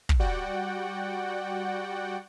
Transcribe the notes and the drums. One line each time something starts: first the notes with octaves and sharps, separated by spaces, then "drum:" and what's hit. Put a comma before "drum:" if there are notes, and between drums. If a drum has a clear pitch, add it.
drum: kick
G3 F#4 D5 F#5 G5